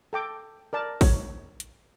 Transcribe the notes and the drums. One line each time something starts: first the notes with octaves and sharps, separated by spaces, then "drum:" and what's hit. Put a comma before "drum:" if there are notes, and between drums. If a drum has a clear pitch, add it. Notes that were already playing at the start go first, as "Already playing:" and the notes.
A4 G5 D6
A#4 D5 A5
C#5, drum: kick, open hi-hat
drum: hi-hat